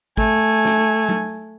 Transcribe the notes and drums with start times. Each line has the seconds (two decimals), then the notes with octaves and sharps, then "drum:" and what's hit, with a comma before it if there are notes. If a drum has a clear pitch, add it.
0.17 A3 G#5, drum: kick
0.65 drum: snare
1.09 drum: tom F#3